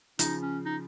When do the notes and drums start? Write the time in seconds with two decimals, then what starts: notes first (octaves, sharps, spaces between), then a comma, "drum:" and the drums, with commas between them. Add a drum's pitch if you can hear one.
0.19 C#3 F3 D#4, drum: hi-hat
0.42 C#4
0.65 D#4